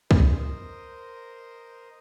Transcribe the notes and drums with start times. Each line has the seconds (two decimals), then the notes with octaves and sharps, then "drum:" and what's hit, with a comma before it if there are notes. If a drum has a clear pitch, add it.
0.11 A#4 C5 D#5, drum: kick C2